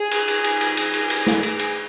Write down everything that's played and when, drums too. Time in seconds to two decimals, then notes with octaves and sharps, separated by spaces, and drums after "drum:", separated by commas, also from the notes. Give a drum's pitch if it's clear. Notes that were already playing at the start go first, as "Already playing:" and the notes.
Already playing: G#4
0.11 drum: cymbal
0.28 drum: cymbal
0.44 drum: cymbal
0.61 drum: cymbal
0.77 drum: cymbal
0.94 drum: cymbal
1.10 drum: cymbal
1.26 drum: snare
1.43 drum: cymbal
1.59 drum: cymbal